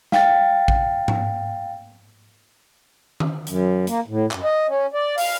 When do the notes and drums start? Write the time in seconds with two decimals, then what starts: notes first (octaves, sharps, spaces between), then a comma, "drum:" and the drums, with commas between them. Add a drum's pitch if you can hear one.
0.12 F5 G5 A6, drum: snare
0.68 drum: kick
1.08 drum: tom G#2
3.20 drum: tom D#3
3.47 F#2, drum: hi-hat
3.87 A#3, drum: hi-hat
4.08 A2
4.31 F#2, drum: clap
4.43 D#5
4.68 C#4
4.94 D5
5.18 F5, drum: open hi-hat